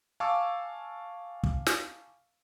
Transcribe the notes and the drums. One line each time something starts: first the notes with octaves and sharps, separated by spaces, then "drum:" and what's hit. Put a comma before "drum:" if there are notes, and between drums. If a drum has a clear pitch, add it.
F5 G#5 A5 C#6 D6 E6
drum: kick
drum: snare